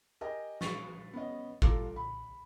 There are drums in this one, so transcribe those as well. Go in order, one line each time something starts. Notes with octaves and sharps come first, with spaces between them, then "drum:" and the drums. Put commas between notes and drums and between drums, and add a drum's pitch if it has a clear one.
G4 A#4 D#5 G#5
C#6 A6 B6 C7, drum: snare
B3 C#4 D#5
G3 F4 A4 A#5 D6, drum: kick G#1
B5